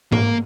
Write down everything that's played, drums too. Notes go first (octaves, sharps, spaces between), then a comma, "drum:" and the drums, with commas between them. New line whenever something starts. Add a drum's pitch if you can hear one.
A#3, drum: tom G#2